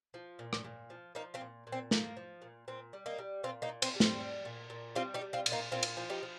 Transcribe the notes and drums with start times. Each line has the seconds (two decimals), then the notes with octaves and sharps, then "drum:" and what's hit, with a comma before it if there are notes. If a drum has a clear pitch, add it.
0.14 F3
0.39 A#2
0.53 drum: rim click
0.64 A#2
0.90 F3
1.15 F3 A#3 D#4
1.34 C4 F4
1.41 A#2
1.67 A#2
1.72 C4
1.91 F3 A#3, drum: snare
2.17 F3
2.42 A#2
2.68 A#2 C4
2.93 G3
3.06 A#3 D#4
3.18 G3
3.44 A#2 C4 F4
3.62 A#3 D#4
3.69 A#2
3.82 C4, drum: cymbal
3.95 G3
4.00 C4, drum: snare
4.20 G3
4.45 A#2
4.70 A#2
4.95 G3 C4 F4
5.14 D#4 G4
5.21 G3
5.33 C4 F4
5.46 A#2, drum: cymbal
5.52 A#3 D#4
5.71 A#2 C4 F4
5.83 drum: cymbal
5.97 F3
6.10 D#4 G4
6.23 F3